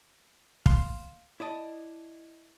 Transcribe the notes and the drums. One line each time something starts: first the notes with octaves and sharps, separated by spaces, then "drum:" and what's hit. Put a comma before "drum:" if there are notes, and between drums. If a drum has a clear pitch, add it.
F5 C6, drum: kick
E4 D5 D#5 A5